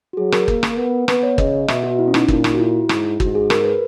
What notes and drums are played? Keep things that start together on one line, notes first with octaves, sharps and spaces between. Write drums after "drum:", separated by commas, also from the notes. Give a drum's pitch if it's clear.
F#4
F#3 G#4
A#4, drum: rim click
A#3, drum: kick
drum: rim click
B3
B3 B4, drum: rim click
C#5
C#3 D#5, drum: kick
B2 E5, drum: rim click
F#4
E4
C#4
D#4, drum: rim click
A#2, drum: kick
drum: rim click
F#4
E4
G#2, drum: rim click
G#2 F#4, drum: kick
G#4
A#4, drum: rim click
A#4
B4